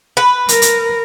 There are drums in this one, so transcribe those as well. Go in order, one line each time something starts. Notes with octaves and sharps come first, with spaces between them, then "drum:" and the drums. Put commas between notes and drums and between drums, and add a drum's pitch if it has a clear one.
B4
A#4, drum: hi-hat
drum: hi-hat